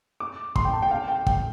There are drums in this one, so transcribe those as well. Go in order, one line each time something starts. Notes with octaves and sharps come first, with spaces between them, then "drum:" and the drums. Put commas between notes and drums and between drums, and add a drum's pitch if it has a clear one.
D6
C6, drum: kick
G5
A5
G5
F5
G5
G5, drum: kick